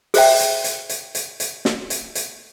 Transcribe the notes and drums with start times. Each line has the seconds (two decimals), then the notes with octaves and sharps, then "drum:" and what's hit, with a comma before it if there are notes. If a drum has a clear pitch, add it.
0.14 G#4 C5 E5 G5, drum: open hi-hat
0.39 drum: hi-hat
0.64 drum: hi-hat
0.89 drum: hi-hat
1.15 drum: hi-hat
1.40 drum: hi-hat
1.65 drum: snare
1.90 drum: hi-hat
2.15 drum: hi-hat